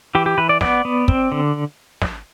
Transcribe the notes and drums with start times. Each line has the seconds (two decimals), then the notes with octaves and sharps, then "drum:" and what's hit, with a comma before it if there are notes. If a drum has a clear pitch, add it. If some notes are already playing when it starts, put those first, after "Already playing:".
0.15 E3 G4
0.26 G4
0.38 E3 B4
0.49 D5
0.61 B3 D5, drum: snare
0.85 B3
1.08 C4, drum: kick
1.32 D3
2.02 drum: snare